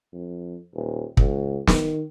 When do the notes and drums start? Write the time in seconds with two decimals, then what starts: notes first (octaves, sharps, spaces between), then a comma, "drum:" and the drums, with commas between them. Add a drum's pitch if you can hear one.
0.13 F2
0.74 D#1
1.17 C#2, drum: kick
1.67 D#3, drum: snare